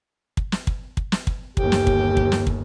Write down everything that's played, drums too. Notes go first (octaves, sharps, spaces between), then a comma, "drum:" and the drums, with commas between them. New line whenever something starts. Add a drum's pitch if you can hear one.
drum: kick
drum: snare
drum: kick
drum: kick
drum: snare
drum: kick
G1 D#2 G4, drum: kick
drum: snare
drum: kick
drum: kick
drum: snare
drum: kick